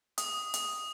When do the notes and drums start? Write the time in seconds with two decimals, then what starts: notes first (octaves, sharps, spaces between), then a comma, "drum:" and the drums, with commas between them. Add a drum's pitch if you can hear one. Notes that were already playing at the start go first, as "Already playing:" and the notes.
0.18 D#6, drum: hi-hat
0.54 drum: hi-hat